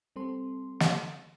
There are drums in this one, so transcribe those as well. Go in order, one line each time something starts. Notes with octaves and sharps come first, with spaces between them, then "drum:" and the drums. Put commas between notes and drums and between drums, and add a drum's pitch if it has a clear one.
G3 C4 A4 C6
drum: snare